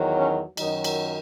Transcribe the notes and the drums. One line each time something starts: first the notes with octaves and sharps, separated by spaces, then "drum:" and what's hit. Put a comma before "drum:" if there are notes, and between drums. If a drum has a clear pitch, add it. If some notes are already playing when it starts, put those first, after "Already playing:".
Already playing: E2 D#3 F#3
C#4
F#2 D#3 F#3 D#4, drum: cymbal
drum: cymbal